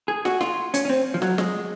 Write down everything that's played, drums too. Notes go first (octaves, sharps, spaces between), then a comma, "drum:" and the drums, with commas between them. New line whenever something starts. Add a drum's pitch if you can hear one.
G#4
F#4, drum: snare
F4, drum: snare
C#4, drum: hi-hat
C#4
C4
F3
F#3, drum: snare
G#3, drum: snare